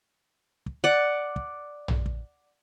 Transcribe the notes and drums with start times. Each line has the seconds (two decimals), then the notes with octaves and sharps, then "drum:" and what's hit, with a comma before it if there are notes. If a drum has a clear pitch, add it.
0.66 drum: kick
0.84 D5 F#5
1.36 drum: kick
1.88 drum: tom A#1
2.06 drum: kick